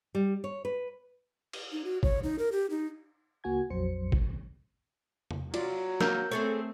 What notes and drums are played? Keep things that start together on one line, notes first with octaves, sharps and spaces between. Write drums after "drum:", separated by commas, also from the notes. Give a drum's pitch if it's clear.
G3
C#5
B4
drum: cymbal
D#4
F#4
C#5, drum: kick
D#4
A#4
G4
D#4
C#2 A#3 F#4 G#5 G#6
A#1 F2 F#3 C5 C#7
drum: kick
drum: tom
F#3 F4 D5, drum: cymbal
A#3 A#4 E6 G6, drum: snare
A3 C4 G#4 A4 C#5